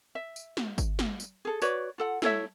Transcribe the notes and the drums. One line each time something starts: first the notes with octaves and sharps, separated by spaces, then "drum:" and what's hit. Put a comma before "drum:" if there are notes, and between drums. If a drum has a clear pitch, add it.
E5
drum: tambourine
drum: snare
drum: kick, tambourine
drum: snare
drum: tambourine
G#4 A4
F#4 B4 C#5 D5, drum: tambourine
F4 A4 F#5
E4 A4 C#5 E5, drum: snare